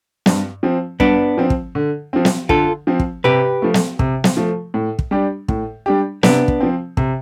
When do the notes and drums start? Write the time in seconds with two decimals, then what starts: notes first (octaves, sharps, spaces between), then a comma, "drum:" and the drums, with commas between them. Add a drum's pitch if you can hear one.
0.26 G2, drum: snare
0.63 F3 C4
1.00 G2 B3 D4, drum: kick
1.38 F3 C4
1.50 drum: kick
1.75 D3
2.13 F3 C4
2.25 drum: snare
2.49 D3 F4 A4, drum: kick
2.87 F3 C4
3.00 drum: kick
3.24 C3 G4 B4
3.62 F3 A3
3.74 drum: snare
3.99 C3, drum: kick
4.24 drum: snare
4.37 F3 A3
4.74 A2
4.99 drum: kick
5.11 G3 D4 G4
5.48 A2, drum: kick
5.86 G3 D4 G4
6.23 C3 B3 D4, drum: snare
6.48 drum: kick
6.60 F3 C4
6.97 C3, drum: kick